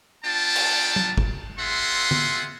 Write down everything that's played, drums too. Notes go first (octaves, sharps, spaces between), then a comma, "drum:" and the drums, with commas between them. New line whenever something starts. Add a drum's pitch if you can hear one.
B3 D4 F4 G5 A5
drum: cymbal
drum: tom
drum: kick G1
C4 F4 G#4 E5 F#5 C6
drum: tom